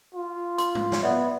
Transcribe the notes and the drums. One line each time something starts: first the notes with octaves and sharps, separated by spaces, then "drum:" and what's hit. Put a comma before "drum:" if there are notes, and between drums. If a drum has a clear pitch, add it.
F4
C6, drum: hi-hat
drum: tom
drum: snare
B3 D5 E5